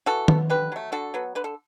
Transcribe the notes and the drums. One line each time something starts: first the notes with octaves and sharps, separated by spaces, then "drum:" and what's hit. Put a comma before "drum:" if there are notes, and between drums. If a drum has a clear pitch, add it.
E3 F#4 A4
B3, drum: tom D#3
D3 G4 B4
F#3 A3
D3 F#4 A4
F#3 B3
D3 B4
A4